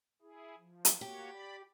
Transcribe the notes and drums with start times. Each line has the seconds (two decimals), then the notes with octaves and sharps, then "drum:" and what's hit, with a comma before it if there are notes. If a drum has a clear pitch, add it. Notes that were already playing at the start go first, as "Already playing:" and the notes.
0.22 E4 G#4
0.58 F3
0.85 drum: hi-hat
1.01 A#3 F#4 G4 C#5
1.32 D5 B5